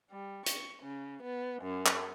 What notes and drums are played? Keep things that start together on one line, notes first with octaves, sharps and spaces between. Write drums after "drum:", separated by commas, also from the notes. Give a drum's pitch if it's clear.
G3
C#6, drum: hi-hat
C#3
B3
F#2
drum: clap